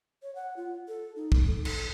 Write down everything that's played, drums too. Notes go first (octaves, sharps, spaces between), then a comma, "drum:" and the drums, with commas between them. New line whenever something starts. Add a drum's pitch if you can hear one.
C#5
F#5
F4
A4
D#4
drum: kick
A4
A4, drum: cymbal